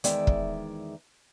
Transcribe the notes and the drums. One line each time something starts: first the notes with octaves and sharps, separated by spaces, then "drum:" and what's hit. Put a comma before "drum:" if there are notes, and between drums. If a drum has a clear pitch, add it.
E2 D#3 G#3 D5 E5, drum: hi-hat
drum: kick